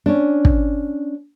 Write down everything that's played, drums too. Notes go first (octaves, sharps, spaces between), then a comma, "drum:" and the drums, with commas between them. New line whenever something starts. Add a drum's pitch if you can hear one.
C#4 D4
drum: kick